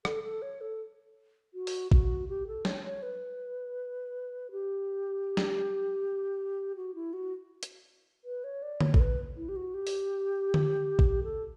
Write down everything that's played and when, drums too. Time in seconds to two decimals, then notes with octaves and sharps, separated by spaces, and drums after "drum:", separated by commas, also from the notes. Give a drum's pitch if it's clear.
0.05 A4, drum: rim click
0.24 A4
0.42 C#5
0.61 A4
1.54 F#4
1.67 drum: open hi-hat
1.91 F#4, drum: kick A1
2.28 G4
2.47 A4
2.65 C#5, drum: snare
2.84 C#5
3.02 B4
4.51 G4
5.37 drum: snare
6.76 F#4
6.95 E4
7.13 F#4
7.63 drum: hi-hat
8.24 B4
8.44 C#5
8.62 D5
8.80 C#5, drum: tom D3
8.94 A4, drum: kick A1
9.00 B4
9.37 E4
9.49 G4
9.56 F#4
9.74 G4
9.87 drum: open hi-hat
10.54 drum: tom D3
10.99 drum: kick A1
11.23 A4